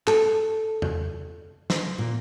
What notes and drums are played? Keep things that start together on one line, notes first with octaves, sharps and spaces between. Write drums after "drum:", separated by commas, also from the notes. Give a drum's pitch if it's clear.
A4, drum: clap
drum: tom E2
drum: snare
A#2